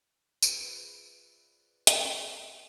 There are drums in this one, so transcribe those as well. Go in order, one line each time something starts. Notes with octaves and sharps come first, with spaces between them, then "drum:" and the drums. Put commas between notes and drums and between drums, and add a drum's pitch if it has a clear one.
F4 G#4 B4 C5 D5 E5, drum: tambourine
drum: hi-hat